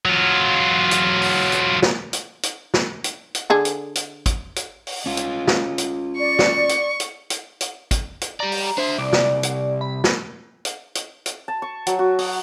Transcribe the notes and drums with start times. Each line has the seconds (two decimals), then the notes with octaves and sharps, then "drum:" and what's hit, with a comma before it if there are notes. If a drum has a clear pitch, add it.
0.05 F#3 F4
0.91 drum: hi-hat
1.22 drum: open hi-hat
1.52 drum: hi-hat
1.82 drum: snare
2.13 drum: hi-hat
2.43 drum: hi-hat
2.74 drum: snare
3.04 drum: hi-hat
3.35 drum: hi-hat
3.50 D3 G#4 A4
3.65 drum: hi-hat
3.95 drum: hi-hat
4.26 drum: kick, hi-hat
4.56 drum: hi-hat
4.87 drum: open hi-hat
5.06 C#4 F4
5.17 drum: hi-hat
5.48 drum: snare
5.78 drum: hi-hat
6.17 D5 C#6
6.39 drum: snare
6.69 drum: hi-hat
7.00 drum: hi-hat
7.30 drum: hi-hat
7.61 drum: hi-hat
7.91 drum: kick, hi-hat
8.21 drum: hi-hat
8.40 G4 D5 A#5
8.52 drum: open hi-hat
8.78 D4 C5 E5
8.98 C2 D5
9.13 drum: snare
9.43 drum: hi-hat
9.81 B5
10.04 drum: snare
10.65 drum: hi-hat
10.95 drum: hi-hat
11.26 drum: hi-hat
11.48 A5
11.62 C#6
11.87 F#3, drum: hi-hat
11.99 F#4
12.19 D#6, drum: open hi-hat